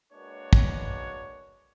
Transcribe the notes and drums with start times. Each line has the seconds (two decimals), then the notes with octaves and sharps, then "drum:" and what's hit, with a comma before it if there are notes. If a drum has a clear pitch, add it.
0.13 G#3 A#3 D4 F#4 B4 C#5
0.53 drum: kick